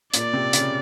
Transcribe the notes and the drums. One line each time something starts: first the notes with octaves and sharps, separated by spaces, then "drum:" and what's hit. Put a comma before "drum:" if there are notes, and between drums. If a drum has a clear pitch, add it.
A#2 D5, drum: hi-hat
C3
C#3, drum: hi-hat